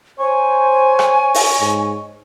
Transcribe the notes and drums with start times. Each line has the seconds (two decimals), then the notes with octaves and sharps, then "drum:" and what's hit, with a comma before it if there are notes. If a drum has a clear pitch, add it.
0.19 C5 C#5 G#5
0.99 drum: rim click
1.34 drum: open hi-hat
1.60 G#2